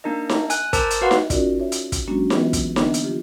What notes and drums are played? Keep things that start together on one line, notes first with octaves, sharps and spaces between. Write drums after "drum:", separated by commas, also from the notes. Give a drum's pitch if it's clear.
A#3 D4 D#4 A#4 D#5
drum: snare D#4
G#5 F#6, drum: hi-hat
A#4 C5 A5 D6 E6 A6, drum: kick, hi-hat
drum: hi-hat
F#4 B4 F5 F#5 C6
drum: snare D#4
C#4 D#4 F4 F#4 A#4 D5, drum: kick, hi-hat
C#5 E5
drum: hi-hat
drum: kick, hi-hat
F#3 G#3 A#3 C#4 D4 F#4
E3 B3 F4 G#4 B4, drum: snare D#4
drum: kick, hi-hat
D3 A#3 B3 D4, drum: snare D#4
drum: hi-hat
F3 F4 G4